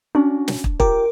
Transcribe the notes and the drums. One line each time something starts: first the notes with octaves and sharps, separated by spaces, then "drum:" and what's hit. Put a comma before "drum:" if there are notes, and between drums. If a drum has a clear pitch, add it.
C#4 D4 F#4
drum: snare
drum: kick
F4 G4 A#4 G5 D6, drum: kick